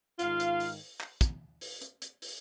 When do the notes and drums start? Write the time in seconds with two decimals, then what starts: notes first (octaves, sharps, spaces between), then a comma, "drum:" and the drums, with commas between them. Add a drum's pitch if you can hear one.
0.19 G#2 D#3 F4 F5, drum: hi-hat
0.40 drum: hi-hat
0.60 drum: open hi-hat
1.01 drum: clap
1.21 drum: kick, hi-hat
1.61 drum: open hi-hat
1.82 drum: hi-hat
2.02 drum: hi-hat
2.22 drum: open hi-hat